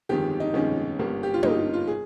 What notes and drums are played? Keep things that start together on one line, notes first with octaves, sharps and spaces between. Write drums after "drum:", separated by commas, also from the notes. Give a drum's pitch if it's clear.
G1 F2 D#3 G#3 G4
D#4
G1 F2 D#3 G#3 C#4
G1 G2 G3 A#3
G4
F4
G1 G2 G3 A#3 D#4, drum: tom
F4
G#4